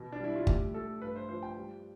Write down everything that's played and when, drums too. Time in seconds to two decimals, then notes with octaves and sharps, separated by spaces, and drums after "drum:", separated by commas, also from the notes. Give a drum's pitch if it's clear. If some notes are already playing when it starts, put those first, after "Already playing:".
Already playing: B2
0.12 D4
0.20 G3 E4
0.35 F4
0.47 A3 G4, drum: kick G1
0.74 A3 A4
1.02 G2 B4
1.16 C5
1.29 F3 C5
1.43 G5
1.57 G3